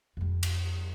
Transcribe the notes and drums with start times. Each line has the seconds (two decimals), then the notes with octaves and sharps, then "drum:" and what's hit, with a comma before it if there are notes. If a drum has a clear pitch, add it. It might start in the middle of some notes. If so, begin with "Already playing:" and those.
0.17 F2 G3
0.43 drum: cymbal